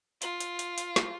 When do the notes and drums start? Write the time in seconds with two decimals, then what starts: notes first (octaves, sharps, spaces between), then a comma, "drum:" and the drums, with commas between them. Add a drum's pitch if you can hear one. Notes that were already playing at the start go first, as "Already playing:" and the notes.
0.22 F4, drum: hi-hat
0.40 drum: hi-hat
0.59 drum: hi-hat
0.78 drum: hi-hat
0.96 drum: snare